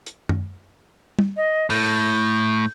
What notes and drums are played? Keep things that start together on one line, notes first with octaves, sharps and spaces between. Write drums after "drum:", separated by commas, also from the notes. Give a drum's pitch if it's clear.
drum: hi-hat
drum: tom F#2
drum: tom G3
D#5
A2 G6, drum: open hi-hat